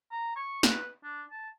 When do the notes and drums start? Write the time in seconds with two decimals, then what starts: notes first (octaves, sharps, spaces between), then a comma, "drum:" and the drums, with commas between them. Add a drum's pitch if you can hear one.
0.12 A#5
0.36 C#6
0.63 B4, drum: snare
1.04 D4
1.31 A5